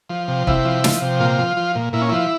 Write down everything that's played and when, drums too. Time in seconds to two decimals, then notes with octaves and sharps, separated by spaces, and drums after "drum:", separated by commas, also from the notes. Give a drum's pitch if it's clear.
0.10 F3
0.28 C3
0.47 C3 E4, drum: kick
0.65 F3
0.84 F3, drum: snare
1.01 C3
1.20 A#2 F4
1.39 F3
1.57 F3
1.75 A#2
1.93 A#2 E4
2.02 C#4
2.09 F3 E4